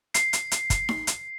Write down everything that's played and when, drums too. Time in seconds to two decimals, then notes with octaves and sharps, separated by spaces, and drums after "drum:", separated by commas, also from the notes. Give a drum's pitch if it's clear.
0.14 C7, drum: hi-hat
0.33 drum: hi-hat
0.52 drum: hi-hat
0.70 drum: kick, hi-hat
0.89 drum: snare D#4
1.07 drum: hi-hat